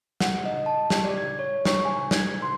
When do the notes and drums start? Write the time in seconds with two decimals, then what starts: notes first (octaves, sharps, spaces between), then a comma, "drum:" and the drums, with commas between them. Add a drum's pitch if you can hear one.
0.20 F#5, drum: snare
0.45 D#5
0.66 A5
0.90 G4, drum: snare
1.04 D5
1.18 G#6
1.39 C#5
1.65 C#6, drum: snare
1.85 G#5
2.11 G#6, drum: snare
2.42 C6